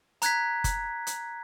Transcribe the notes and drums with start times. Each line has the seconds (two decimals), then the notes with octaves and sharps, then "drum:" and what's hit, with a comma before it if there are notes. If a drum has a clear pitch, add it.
0.22 A#5 F#6 G#6 B6, drum: hi-hat
0.64 drum: kick F#1, hi-hat
1.07 drum: hi-hat